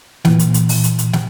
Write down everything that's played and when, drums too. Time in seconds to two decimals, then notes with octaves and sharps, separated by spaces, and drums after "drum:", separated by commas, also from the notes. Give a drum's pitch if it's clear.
0.25 A#2 E3, drum: snare
0.39 drum: hi-hat
0.54 drum: hi-hat
0.69 drum: open hi-hat
0.84 drum: hi-hat
0.99 drum: hi-hat
1.13 drum: snare